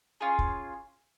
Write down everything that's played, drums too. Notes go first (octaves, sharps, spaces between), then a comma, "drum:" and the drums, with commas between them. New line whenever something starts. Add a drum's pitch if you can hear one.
C#4 F4 G#4
drum: kick